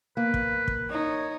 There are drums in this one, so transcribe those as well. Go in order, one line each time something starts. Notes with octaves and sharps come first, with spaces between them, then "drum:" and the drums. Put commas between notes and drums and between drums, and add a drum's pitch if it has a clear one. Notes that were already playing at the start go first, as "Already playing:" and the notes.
A#3 B4
drum: kick
drum: kick
D#4 C#5